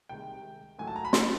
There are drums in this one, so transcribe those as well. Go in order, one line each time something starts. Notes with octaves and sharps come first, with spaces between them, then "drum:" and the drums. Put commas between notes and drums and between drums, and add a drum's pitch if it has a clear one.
C2 C3 D#3 G#3 G5
G#2 D#3 F#3 A3 G#5
A5
A#5
B5
C6, drum: snare